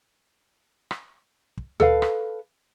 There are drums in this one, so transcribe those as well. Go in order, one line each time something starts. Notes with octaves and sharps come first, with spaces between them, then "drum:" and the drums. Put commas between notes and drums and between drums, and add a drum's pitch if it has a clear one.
drum: rim click
drum: kick
A4 B4 F5, drum: tom D2
drum: rim click